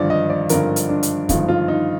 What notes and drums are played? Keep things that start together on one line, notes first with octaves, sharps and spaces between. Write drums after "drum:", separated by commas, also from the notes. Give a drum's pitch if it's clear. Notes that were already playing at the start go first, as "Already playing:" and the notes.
Already playing: G#1 G2 D3 F3 D5
D#5
D5
G#1 G2 D3 F3 A#4, drum: hi-hat
drum: hi-hat
D4
drum: hi-hat
G#1 G2 D3 F3 D#4, drum: kick, hi-hat
F4
D#4